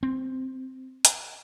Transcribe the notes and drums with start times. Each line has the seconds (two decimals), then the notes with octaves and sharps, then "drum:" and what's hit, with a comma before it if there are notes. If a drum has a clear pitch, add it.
0.03 C4
1.05 drum: hi-hat